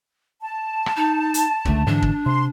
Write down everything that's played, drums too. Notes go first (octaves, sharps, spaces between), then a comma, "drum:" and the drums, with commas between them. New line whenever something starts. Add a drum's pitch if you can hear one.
A5
drum: rim click
D#4
drum: hi-hat
C#2 D3 A3, drum: kick
G#2 D3 E3 D4
drum: kick
C3 C6